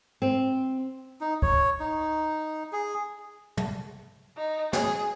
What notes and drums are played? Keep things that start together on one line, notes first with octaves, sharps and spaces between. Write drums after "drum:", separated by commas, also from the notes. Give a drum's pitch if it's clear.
C4
D#4
C#5, drum: kick
D#4
G#4
drum: tom
D#4
G#4, drum: snare